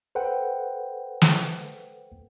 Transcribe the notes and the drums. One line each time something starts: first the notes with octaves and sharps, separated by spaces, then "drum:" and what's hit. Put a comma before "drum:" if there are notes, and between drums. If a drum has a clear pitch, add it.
A4 B4 C5 F#5 G5
drum: snare